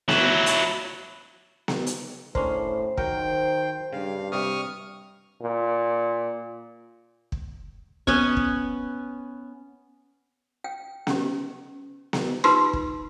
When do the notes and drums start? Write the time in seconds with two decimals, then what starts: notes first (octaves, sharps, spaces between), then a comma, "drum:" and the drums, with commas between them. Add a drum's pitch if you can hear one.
0.09 F#3 E4, drum: snare B3
0.46 drum: hi-hat
1.68 drum: snare B3
1.87 drum: hi-hat
2.35 A2 C#4 D4 A#4 C5, drum: kick
2.97 D#3 F#3 A#4 G5, drum: kick
3.93 G2 C#3 F5
4.32 C3 G3 C#6 D#6 F6
5.42 A#2
7.32 drum: kick
8.07 B3 C#4 G#5 C#6, drum: kick
8.37 drum: kick
10.64 G5
11.07 C#4 G4, drum: snare B3
12.13 drum: snare B3
12.44 D#4 F4 G4 A#4 B4 C6, drum: rim click
12.73 drum: kick